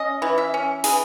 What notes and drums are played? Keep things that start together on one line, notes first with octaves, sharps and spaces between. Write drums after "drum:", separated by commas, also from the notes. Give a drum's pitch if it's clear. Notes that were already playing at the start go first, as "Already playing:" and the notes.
Already playing: C#4 D#5
E3
E5
C#4
E3 G#4, drum: open hi-hat